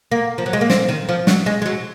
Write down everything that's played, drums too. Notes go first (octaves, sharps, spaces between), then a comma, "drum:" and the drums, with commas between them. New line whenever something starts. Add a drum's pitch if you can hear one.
A#3
F3
F#3
G#3
A#3
C4, drum: snare
D#3
F3
F#3, drum: snare
G#3
G#3
F#3